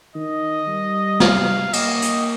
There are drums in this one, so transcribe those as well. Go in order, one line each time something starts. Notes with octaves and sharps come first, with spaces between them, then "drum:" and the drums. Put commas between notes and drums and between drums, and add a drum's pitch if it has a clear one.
D#3 D#5
G3
F5, drum: snare
A#3 D#5, drum: cymbal
drum: hi-hat